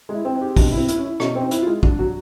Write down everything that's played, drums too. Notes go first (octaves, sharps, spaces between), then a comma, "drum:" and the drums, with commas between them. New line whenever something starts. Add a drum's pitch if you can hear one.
G#3
E4
C4
D#4
G4
B2 D4, drum: kick, open hi-hat
E4
C4
E4, drum: hi-hat
C#4
E4
B2 C#4, drum: rim click
C4
D#4
E4, drum: hi-hat
F4
G#3
D4 F#4, drum: kick
F#3 F#4